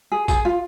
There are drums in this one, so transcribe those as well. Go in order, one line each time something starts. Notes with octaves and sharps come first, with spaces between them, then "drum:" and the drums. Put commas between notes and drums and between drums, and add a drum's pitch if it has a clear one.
G#4
G#4, drum: kick, tambourine
F4